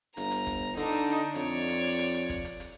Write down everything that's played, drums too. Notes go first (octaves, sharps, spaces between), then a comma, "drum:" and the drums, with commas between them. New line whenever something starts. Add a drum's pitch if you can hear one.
G1 A#5, drum: hi-hat
drum: hi-hat
drum: kick, hi-hat
D3 D4 D#4, drum: hi-hat
drum: hi-hat
F2 C#5 D5, drum: hi-hat
drum: hi-hat
drum: hi-hat
drum: hi-hat
drum: hi-hat
drum: kick, hi-hat
drum: hi-hat
drum: hi-hat